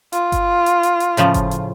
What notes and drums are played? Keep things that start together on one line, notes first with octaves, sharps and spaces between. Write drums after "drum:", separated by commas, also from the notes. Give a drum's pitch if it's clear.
F4, drum: hi-hat
drum: kick G1, hi-hat
drum: hi-hat
drum: hi-hat
drum: hi-hat
A2 C#3 F3, drum: hi-hat
drum: kick G1, hi-hat
drum: hi-hat